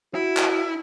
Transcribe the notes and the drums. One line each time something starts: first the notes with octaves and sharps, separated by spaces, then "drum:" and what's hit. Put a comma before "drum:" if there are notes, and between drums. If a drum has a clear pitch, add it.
E4 F#4
drum: clap